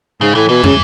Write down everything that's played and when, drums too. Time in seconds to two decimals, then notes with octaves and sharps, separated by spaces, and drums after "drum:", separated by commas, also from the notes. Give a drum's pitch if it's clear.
0.21 G#2 C#3
0.35 A2 E3
0.49 B2 E3
0.64 C#3, drum: tom